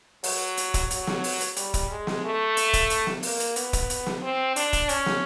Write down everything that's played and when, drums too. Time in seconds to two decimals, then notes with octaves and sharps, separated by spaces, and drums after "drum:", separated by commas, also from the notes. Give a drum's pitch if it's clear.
0.24 F#3, drum: open hi-hat
0.57 drum: hi-hat
0.74 drum: kick D1, hi-hat
0.91 F#3, drum: hi-hat
1.07 drum: snare
1.24 drum: open hi-hat
1.40 drum: hi-hat
1.56 G3, drum: hi-hat
1.74 drum: kick D1, hi-hat
1.90 G#3
2.07 drum: snare
2.24 A3
2.57 drum: hi-hat
2.73 drum: kick D1, hi-hat
2.90 drum: hi-hat
3.07 drum: snare
3.23 A#3, drum: open hi-hat
3.40 drum: hi-hat
3.56 B3, drum: hi-hat
3.73 drum: kick D1, hi-hat
3.90 drum: hi-hat
4.06 drum: snare
4.22 C4
4.56 D4, drum: hi-hat
4.73 drum: kick D1, hi-hat
4.89 C#4, drum: hi-hat
5.06 drum: snare